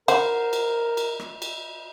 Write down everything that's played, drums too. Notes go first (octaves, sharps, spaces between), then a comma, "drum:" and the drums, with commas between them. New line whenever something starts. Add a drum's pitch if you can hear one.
A#4 C5 F#5, drum: cymbal
drum: cymbal
drum: cymbal
drum: rim click
drum: cymbal